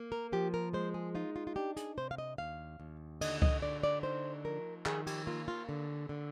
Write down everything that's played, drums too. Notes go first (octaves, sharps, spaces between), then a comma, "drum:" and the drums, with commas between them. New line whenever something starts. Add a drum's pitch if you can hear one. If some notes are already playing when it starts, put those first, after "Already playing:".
Already playing: A#3
A#4
F3 G4
A#4
G#3 C5
G#4
D#4 F4
F4
F4
D4 G4
G#4, drum: hi-hat
C3 C5
F5
D#5
D#2 F5
D#2
D3 D#5, drum: cymbal
D#5, drum: kick C#2
D3 D5
D5
D#4 C5
F3 A#4
D#3 G#4, drum: clap
G4, drum: cymbal
A#3 F4
F4
D3
D3